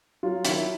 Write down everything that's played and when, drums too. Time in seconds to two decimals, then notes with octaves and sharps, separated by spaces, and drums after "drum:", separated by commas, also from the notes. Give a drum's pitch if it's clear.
0.23 F#3 F4
0.45 D#3 E4, drum: hi-hat